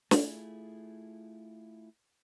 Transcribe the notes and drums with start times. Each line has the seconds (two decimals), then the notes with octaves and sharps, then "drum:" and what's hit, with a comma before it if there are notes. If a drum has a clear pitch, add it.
0.11 A3 E4 F4 G#4, drum: snare